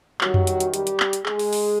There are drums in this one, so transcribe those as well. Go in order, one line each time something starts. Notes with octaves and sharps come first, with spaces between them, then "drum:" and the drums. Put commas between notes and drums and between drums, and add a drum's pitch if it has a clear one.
F#2 D#3 F#3 G3 F#4, drum: clap
drum: tom F2
drum: hi-hat
drum: hi-hat
G3 G4, drum: hi-hat
drum: hi-hat
drum: clap
drum: hi-hat
G#3 G#4, drum: clap
drum: open hi-hat
drum: open hi-hat